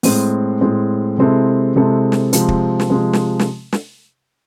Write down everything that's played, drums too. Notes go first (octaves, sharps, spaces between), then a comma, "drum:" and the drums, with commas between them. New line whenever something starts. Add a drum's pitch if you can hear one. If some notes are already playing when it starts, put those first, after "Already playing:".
A2 G#3 C4, drum: open hi-hat
A2 G#3 C4
C3 G#3 C4 E4 A4
C3 G#3 C4 E4 A4
drum: snare
C3 F3 G#3 C4, drum: hi-hat
drum: kick
drum: snare
C3 F3 G#3 C4
drum: snare
drum: snare
drum: snare